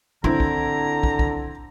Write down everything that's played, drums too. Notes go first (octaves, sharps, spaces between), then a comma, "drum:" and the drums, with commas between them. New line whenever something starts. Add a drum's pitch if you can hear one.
D3 C4 D4 E4 A#5
drum: kick
drum: kick
drum: kick